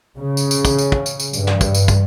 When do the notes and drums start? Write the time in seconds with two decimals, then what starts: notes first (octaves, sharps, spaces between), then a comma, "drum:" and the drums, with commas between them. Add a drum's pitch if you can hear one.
0.16 C#3
0.37 drum: tambourine
0.51 drum: tambourine
0.65 drum: kick, tambourine
0.78 drum: tambourine
0.92 drum: kick
1.06 drum: tambourine
1.20 drum: tambourine
1.33 G2, drum: tambourine
1.47 drum: snare
1.61 drum: kick, tambourine
1.75 drum: tambourine
1.88 drum: kick, tambourine